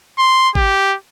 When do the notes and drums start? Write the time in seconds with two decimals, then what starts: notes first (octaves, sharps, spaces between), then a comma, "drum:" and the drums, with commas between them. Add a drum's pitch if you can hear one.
0.18 C6
0.55 G4, drum: kick G#1